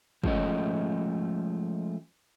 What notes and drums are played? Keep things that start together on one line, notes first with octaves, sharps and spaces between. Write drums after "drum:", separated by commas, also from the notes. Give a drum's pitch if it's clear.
F3 G#3 A3 C#4 D#5, drum: kick